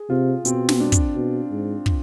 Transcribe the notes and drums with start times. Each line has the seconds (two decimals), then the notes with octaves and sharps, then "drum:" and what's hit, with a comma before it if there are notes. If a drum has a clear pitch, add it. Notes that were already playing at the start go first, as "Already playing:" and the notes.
Already playing: G#4
0.10 C3 F4
0.45 B2 C4, drum: hi-hat
0.69 drum: snare
0.80 D4
0.92 drum: kick, hi-hat
1.16 B2
1.51 G#2
1.86 drum: kick